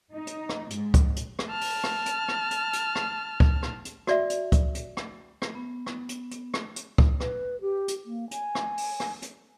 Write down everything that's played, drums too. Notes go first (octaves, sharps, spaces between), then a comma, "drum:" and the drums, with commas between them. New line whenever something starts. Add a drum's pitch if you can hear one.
D#4
drum: hi-hat
drum: rim click
G#2, drum: hi-hat
drum: kick C#2, hi-hat
drum: hi-hat
drum: rim click
A5 F6
drum: open hi-hat
drum: rim click
drum: hi-hat
drum: rim click
drum: hi-hat
drum: hi-hat
drum: rim click
drum: kick C#2
drum: rim click
drum: hi-hat
F#4 D5 E5, drum: rim click
drum: hi-hat
drum: kick C#2, hi-hat
drum: hi-hat
drum: rim click
drum: rim click
B3
drum: rim click
drum: hi-hat
drum: hi-hat
drum: rim click
drum: hi-hat
drum: kick C#2
B4, drum: rim click
G4
drum: hi-hat
A#3
G#5, drum: hi-hat
drum: rim click
drum: open hi-hat
drum: rim click
drum: hi-hat